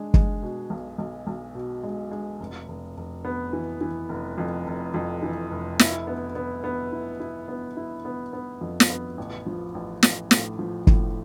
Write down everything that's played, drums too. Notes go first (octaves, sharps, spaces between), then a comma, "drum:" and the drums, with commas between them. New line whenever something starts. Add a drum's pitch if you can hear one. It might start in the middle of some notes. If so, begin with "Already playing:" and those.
Already playing: G#3 D4
G#3, drum: kick
B2
B1
B1
B1
B2
G#3
G#3
F1
F1
F1
B3
E3
E3
F1
F2
F1
F2
E3
F1
E4, drum: snare
B3
B3
B3
E4
E4
B3
E4
B3
B3
F2
drum: snare
B3
A1
F3
A1
A1, drum: snare
A2, drum: snare
F3
A2, drum: kick